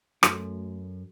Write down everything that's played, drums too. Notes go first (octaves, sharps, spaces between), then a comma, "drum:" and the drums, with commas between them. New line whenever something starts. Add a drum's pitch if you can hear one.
F#2 A3 F#4 A4, drum: rim click